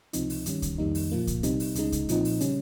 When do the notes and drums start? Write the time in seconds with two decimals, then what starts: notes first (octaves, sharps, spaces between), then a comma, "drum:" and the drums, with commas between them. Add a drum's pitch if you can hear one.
0.13 C#2 C3 F3 C4 D#4, drum: hi-hat
0.30 drum: open hi-hat
0.46 G2 D#3 G3 C#4, drum: hi-hat
0.62 drum: kick C2, hi-hat
0.78 F2 D#3 G3 A#3 D#4
0.95 drum: open hi-hat
1.11 A#2 F3 A#3
1.27 drum: kick C2, hi-hat
1.43 C3 G3 C4 D#4, drum: hi-hat
1.60 drum: open hi-hat
1.75 C#2 C#3 G#3 D#4, drum: hi-hat
1.92 drum: kick C2, hi-hat
2.09 A#2 F3 C4 D#4, drum: hi-hat
2.25 drum: open hi-hat
2.41 C#3 G3 C#4, drum: hi-hat